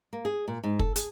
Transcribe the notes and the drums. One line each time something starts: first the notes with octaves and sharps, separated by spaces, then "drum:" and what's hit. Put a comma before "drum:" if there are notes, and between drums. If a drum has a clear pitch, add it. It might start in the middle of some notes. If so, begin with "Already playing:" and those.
A#3
G#4
A#2
G#2
A4, drum: kick
G#4, drum: hi-hat